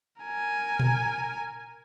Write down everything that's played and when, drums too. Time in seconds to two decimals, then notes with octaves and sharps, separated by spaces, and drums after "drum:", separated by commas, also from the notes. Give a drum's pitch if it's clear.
0.22 A#4 G#5
0.79 drum: tom A#2